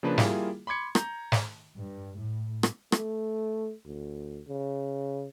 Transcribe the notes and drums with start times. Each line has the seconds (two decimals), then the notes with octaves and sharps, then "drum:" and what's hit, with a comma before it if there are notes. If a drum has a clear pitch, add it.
0.03 C#3 F3 A#3 D4 B4
0.18 G3 A#3 E4 F4 G#4, drum: snare
0.67 B5 C6 D6 G#6 C#7
0.95 A#5 G6, drum: rim click
1.32 drum: snare
1.76 G2
2.18 A2
2.63 drum: rim click
2.92 A3, drum: rim click
3.85 D2
4.47 C#3